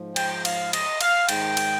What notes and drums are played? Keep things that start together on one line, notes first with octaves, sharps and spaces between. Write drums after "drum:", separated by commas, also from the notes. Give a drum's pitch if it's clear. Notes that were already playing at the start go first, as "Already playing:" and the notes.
Already playing: G#2 F3
G5, drum: cymbal
F5, drum: cymbal
D#5, drum: cymbal
F5, drum: cymbal
G#2 D#3 G5, drum: cymbal
drum: cymbal